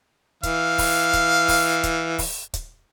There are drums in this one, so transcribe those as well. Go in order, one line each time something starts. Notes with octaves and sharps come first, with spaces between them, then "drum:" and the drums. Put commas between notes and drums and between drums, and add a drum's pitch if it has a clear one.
E3 F5, drum: kick, hi-hat
drum: kick, open hi-hat
drum: kick, hi-hat
drum: kick, open hi-hat
drum: kick, hi-hat
drum: kick, open hi-hat
drum: kick, hi-hat